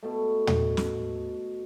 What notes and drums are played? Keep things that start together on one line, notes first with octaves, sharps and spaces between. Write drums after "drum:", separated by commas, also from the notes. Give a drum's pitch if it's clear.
B2 A3
drum: tom
drum: snare